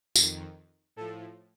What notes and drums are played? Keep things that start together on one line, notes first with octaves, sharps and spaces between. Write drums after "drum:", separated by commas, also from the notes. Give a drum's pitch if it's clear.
F2 D#3, drum: tambourine
A2 F3 A4